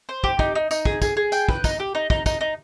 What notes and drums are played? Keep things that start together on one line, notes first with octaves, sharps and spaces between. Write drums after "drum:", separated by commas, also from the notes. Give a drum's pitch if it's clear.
C5
G4, drum: kick
D#4, drum: kick
D#4
D#4, drum: tambourine
G#4, drum: kick
G#4, drum: kick, tambourine
G#4
G5, drum: tambourine
B4, drum: kick
D#4, drum: kick, tambourine
G4
D#4
D#4, drum: kick
D#4, drum: kick, tambourine
D#4